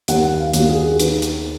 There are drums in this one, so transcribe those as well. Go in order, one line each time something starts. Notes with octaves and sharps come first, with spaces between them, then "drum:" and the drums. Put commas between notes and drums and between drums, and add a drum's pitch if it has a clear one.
D#2 F#5, drum: hi-hat
F5
D#2, drum: hi-hat
F#4
G#4
D#3 B4, drum: hi-hat
drum: hi-hat